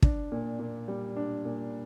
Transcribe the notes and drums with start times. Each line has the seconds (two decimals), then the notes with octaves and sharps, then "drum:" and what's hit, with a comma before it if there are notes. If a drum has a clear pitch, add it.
0.02 D4, drum: kick
0.32 A#2
0.59 A#2
0.88 G3
1.17 D4
1.45 A#2